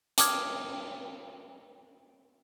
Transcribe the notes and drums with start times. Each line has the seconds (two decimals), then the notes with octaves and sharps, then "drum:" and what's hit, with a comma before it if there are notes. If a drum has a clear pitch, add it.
0.18 A5 D6 D#6 F6 G#6, drum: hi-hat